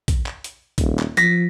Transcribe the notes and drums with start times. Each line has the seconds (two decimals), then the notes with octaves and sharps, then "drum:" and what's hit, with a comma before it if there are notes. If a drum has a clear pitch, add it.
0.08 drum: kick, hi-hat
0.26 drum: clap
0.44 drum: hi-hat
0.78 D#1, drum: kick, hi-hat
0.99 drum: clap
1.17 F3 A#6 B6, drum: hi-hat